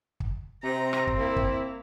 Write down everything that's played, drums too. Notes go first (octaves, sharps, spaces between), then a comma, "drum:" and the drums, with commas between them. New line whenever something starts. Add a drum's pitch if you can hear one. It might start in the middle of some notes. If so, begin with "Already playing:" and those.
drum: kick
C3 C4 A#5
drum: rim click
drum: kick
A#3 E4
drum: kick